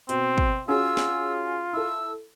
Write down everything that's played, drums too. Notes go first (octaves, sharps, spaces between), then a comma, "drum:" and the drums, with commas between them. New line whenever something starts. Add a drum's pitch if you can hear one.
B2 C4, drum: hi-hat
drum: kick
C#4 F4 F#4 G#4 E6
drum: snare
E4 A4 E6